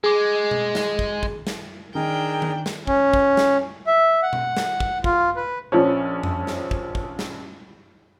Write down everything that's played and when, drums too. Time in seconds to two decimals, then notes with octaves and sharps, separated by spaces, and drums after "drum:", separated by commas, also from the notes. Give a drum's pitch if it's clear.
0.04 G#3 G#4 D6
0.51 drum: tom B2
0.75 drum: snare
0.99 drum: kick
1.23 drum: kick
1.47 drum: snare
1.95 D#3 D4 G#4 A#4 G5
2.42 drum: tom D#3
2.66 drum: snare
2.87 C#4, drum: kick
3.14 drum: kick
3.37 drum: snare
3.87 E5
4.23 F#5
4.33 drum: tom B2
4.57 drum: snare
4.80 drum: kick
5.04 F4, drum: kick
5.36 B4
5.72 A#1 F3 C#4
6.23 drum: tom F2
6.47 drum: snare
6.71 drum: kick
6.95 drum: kick
7.19 drum: snare